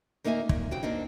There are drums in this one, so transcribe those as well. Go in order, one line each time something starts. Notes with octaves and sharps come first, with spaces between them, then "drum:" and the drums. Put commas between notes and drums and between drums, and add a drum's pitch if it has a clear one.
D2 A#3 D#4 E5 F#5 G#5
A#2, drum: kick
C#3 C4 F#4 G4 G5
A#3 C4 D4 D#4